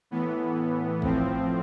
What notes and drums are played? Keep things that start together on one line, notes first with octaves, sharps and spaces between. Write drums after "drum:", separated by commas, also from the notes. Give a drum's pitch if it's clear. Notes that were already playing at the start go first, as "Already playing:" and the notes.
A2 E3 B3
A2 F3 C4, drum: kick